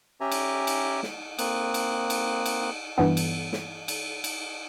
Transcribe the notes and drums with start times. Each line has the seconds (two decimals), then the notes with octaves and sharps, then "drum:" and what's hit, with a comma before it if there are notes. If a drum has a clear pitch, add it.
0.21 C#4 G4 E5 G#5 A#5
0.32 drum: cymbal
0.67 drum: cymbal
1.03 drum: snare
1.39 A#3 C4 D#6 F#6, drum: cymbal
1.74 drum: cymbal
2.10 drum: cymbal
2.46 drum: cymbal
2.98 G2 E3 B3
3.17 drum: cymbal
3.53 drum: snare
3.88 drum: cymbal
4.24 drum: cymbal